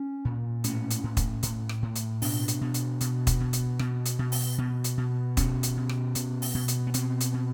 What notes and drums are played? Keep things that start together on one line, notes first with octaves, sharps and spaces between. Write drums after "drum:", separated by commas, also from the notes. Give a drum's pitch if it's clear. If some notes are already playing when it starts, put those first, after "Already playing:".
Already playing: C#4
A#2
A2 C#4, drum: hi-hat
drum: hi-hat
A2
drum: kick, hi-hat
A2, drum: hi-hat
drum: rim click
A2
drum: hi-hat
B2 D4, drum: open hi-hat
drum: hi-hat
B2
drum: hi-hat
B2, drum: hi-hat
drum: kick, hi-hat
B2
drum: hi-hat
B2, drum: rim click
drum: hi-hat
B2
drum: open hi-hat
B2
drum: hi-hat
B2
B2 C#4, drum: kick, hi-hat
drum: hi-hat
B2
drum: rim click
B2, drum: hi-hat
drum: open hi-hat
B2
drum: hi-hat
B3
B2 C4, drum: hi-hat
drum: hi-hat
B2